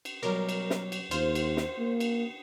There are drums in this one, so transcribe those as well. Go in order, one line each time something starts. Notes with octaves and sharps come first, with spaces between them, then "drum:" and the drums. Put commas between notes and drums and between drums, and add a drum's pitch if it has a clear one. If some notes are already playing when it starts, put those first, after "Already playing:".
drum: cymbal
B2 F#3 G3 A#4
drum: cymbal
drum: snare
drum: cymbal
D#2 F4 C5, drum: cymbal
drum: cymbal
drum: snare
A#3
drum: cymbal